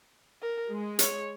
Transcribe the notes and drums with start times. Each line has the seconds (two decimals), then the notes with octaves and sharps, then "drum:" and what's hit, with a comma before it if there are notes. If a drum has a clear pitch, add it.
0.42 A#4
0.71 G#3
0.99 C#5, drum: hi-hat